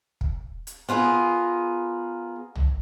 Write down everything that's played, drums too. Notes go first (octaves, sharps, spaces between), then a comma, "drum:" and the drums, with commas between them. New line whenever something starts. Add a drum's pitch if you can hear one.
drum: kick
drum: hi-hat
B3 F4 G#4 A#4
drum: tom